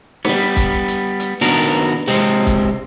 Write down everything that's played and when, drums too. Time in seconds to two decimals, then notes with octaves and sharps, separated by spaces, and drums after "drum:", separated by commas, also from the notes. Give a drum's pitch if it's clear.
0.25 G3 B3, drum: snare
0.56 drum: kick, hi-hat
0.88 drum: hi-hat
1.20 drum: hi-hat
1.41 D#3 B3 D4 F#4 A#4
2.08 C3 G#3 C4
2.46 drum: kick, hi-hat